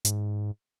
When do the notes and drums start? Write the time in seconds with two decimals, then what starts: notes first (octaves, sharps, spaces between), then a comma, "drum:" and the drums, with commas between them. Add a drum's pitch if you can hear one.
0.05 G#2, drum: hi-hat